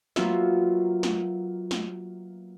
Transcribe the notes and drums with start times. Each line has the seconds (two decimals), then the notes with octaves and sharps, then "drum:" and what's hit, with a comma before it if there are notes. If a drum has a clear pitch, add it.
0.16 F#3 A#3 B3 F4 F#4 E5, drum: snare
1.03 drum: snare
1.71 drum: snare